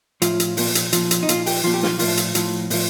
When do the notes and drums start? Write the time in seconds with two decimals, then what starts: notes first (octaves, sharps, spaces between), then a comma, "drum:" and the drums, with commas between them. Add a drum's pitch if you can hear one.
0.22 A2 F3 F4, drum: hi-hat
0.40 drum: hi-hat
0.57 A#2 F3, drum: open hi-hat
0.75 drum: hi-hat
0.93 A#2 F3, drum: hi-hat
1.11 drum: hi-hat
1.23 D#4
1.29 A#2 F3 F4, drum: hi-hat
1.46 G4, drum: open hi-hat
1.64 A#2 F3 F4
1.74 G4
1.83 F4, drum: snare
1.99 A2 F3 F4, drum: open hi-hat
2.17 drum: hi-hat
2.35 A2 F3, drum: hi-hat
2.70 A2 F3, drum: open hi-hat